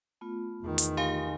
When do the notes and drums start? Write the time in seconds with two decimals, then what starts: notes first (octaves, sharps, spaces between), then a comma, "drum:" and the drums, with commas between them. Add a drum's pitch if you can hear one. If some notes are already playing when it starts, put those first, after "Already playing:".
0.21 A3 B3 F4
0.64 E2 D#3
0.78 drum: hi-hat
0.97 G4 F5 G#5